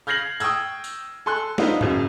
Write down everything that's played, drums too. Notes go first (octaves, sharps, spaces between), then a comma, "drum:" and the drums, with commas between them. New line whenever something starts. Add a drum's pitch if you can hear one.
F6 G6 G#6 A#6 C7 F#7
G5 C#6 D#6 E6 G#6, drum: tambourine
drum: tambourine
A4 G#5 C6 F#6
B3 D4 D#4 F4 B4 C5, drum: snare
F#1 F#2 C#3, drum: tom G#2